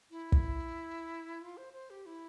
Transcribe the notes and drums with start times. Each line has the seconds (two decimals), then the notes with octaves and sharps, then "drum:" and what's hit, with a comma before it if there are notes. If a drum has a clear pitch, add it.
0.11 E4
0.32 drum: kick
1.41 F4
1.57 C5
1.73 C5
1.90 G4
2.06 E4